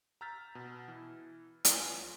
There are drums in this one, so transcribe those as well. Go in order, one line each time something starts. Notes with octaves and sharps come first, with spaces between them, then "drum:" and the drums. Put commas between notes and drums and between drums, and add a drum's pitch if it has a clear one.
A#5 E6 F6 G6 A6 B6
B2
E3
F4 B4 C#5 G#5, drum: hi-hat